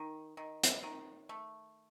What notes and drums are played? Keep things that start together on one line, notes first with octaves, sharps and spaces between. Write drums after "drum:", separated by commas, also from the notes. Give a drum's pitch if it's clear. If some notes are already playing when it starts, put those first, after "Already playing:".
Already playing: D#3
D#3
drum: hi-hat
D#3
A3